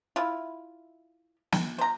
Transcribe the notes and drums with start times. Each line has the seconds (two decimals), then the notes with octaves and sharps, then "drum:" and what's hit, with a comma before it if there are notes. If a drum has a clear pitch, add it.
0.16 E4 F4
1.52 drum: snare
1.78 C5 A#5